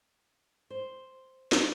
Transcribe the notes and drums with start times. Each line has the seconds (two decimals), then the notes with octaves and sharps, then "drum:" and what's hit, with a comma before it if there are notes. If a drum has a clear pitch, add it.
0.70 C5
1.52 drum: snare